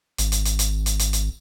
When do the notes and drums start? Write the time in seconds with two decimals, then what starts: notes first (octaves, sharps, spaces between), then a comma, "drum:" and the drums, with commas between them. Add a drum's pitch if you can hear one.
0.18 G#1, drum: hi-hat
0.32 drum: hi-hat
0.45 drum: hi-hat
0.59 drum: hi-hat
0.86 drum: hi-hat
0.99 drum: hi-hat
1.13 drum: hi-hat